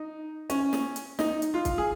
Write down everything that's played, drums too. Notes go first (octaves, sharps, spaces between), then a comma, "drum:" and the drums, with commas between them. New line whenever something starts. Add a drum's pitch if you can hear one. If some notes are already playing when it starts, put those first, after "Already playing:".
Already playing: D#4
C#4, drum: hi-hat
drum: snare
drum: hi-hat
D#4, drum: snare
drum: hi-hat
F4
drum: kick C2, hi-hat
G#4